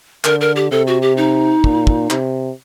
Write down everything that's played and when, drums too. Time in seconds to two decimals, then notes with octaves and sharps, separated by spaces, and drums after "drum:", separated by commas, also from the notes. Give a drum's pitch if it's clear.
0.24 D3 A#4, drum: clap
0.41 A#4
0.56 G4
0.71 C3 A4
0.87 F#4
1.02 G4
1.17 D#4
1.64 A#2, drum: kick
1.87 drum: kick
2.10 C3, drum: clap